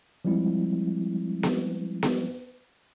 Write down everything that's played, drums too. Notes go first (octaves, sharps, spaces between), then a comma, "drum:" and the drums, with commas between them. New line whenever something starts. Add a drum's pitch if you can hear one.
F3 G3 G#3 C4 E4
drum: snare B3
drum: snare B3